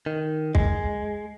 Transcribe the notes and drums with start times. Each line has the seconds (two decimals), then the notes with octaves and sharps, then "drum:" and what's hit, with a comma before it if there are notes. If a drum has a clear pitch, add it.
0.06 D#3
0.55 G#3, drum: kick